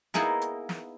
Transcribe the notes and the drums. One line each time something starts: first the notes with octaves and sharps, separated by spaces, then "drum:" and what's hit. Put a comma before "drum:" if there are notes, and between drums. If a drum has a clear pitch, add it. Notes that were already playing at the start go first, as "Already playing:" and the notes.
A#3 B3 D#4 E4 G#4 A#4, drum: snare
drum: hi-hat
drum: snare